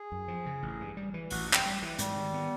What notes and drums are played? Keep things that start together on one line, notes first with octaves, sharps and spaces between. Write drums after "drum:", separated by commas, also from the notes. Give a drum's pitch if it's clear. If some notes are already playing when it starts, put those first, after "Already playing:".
Already playing: G#4
F#2
F3
C#3
A1
G2
G3
E3
A1 F#4, drum: open hi-hat
G2
C4, drum: clap
G3
E3
G#2 G3, drum: hi-hat
D#3
B3